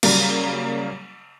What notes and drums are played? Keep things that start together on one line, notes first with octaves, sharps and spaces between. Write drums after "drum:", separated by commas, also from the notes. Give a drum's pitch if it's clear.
C#3 F#3 G3 A#3, drum: cymbal